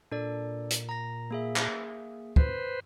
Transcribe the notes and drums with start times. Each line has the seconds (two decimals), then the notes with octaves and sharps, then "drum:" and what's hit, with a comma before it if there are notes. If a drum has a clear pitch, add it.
0.11 A#2 D4 A4 D5
0.70 drum: hi-hat
0.89 A#5 A#6
1.31 A#3 G#4 E5
1.56 drum: clap
2.36 B4 C5, drum: kick